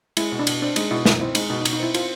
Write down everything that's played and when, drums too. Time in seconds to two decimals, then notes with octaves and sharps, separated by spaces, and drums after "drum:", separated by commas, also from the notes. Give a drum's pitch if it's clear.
0.17 G#3 E4, drum: cymbal
0.32 B2
0.39 D4
0.47 B2, drum: cymbal
0.62 C4 D4
0.76 G#3 D#4, drum: cymbal
0.91 B2 E4
1.06 B2 D#4, drum: snare
1.20 C4 E4
1.35 G#3 D#4, drum: cymbal
1.50 B2 D#4
1.61 D#4
1.65 B2, drum: cymbal
1.73 D#4
1.80 C4 E4
1.94 C4 F4, drum: cymbal